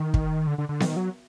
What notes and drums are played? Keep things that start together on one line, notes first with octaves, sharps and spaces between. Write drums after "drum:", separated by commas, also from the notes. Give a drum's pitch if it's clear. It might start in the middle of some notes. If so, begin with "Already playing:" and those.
Already playing: D#3
drum: kick
D3
D3
D3
D#3, drum: snare B3
F#3